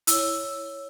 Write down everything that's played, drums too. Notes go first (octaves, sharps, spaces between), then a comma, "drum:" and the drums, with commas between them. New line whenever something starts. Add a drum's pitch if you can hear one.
E4 C#5 E6, drum: hi-hat